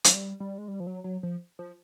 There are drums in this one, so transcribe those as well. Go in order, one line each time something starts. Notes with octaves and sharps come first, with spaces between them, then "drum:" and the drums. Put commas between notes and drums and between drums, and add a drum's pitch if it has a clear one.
F#3, drum: hi-hat
G3
G3
G#3
G3
F3
F#3
F#3
F3
F3